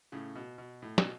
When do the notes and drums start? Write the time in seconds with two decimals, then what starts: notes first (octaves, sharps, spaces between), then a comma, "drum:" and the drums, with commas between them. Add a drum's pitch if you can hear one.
0.12 A2 C#3
0.35 B2
0.58 B2
0.82 A2
0.98 B2, drum: snare